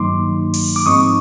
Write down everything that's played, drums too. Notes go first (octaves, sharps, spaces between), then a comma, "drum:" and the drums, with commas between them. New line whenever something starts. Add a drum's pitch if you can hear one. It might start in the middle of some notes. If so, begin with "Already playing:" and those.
Already playing: G2 D#3 F#3 A#3 D#4 C6 D6
drum: open hi-hat
D6
G#2 F3 G#3 C4 D#4 C#6 D#6